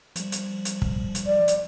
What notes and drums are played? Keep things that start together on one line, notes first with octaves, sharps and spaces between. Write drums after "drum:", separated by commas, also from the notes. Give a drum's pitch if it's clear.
F3 G3, drum: hi-hat
drum: hi-hat
drum: hi-hat
drum: kick
drum: hi-hat
D5
drum: hi-hat